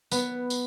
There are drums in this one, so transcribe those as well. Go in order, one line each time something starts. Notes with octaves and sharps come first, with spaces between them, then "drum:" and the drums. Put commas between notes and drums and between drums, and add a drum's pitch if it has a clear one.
B3, drum: tambourine
drum: tambourine